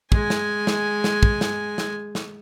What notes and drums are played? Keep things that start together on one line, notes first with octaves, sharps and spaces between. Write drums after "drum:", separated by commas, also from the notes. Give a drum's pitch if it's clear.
G#3 G#5, drum: kick
drum: snare
drum: snare
drum: snare
drum: kick
drum: snare
drum: snare
drum: snare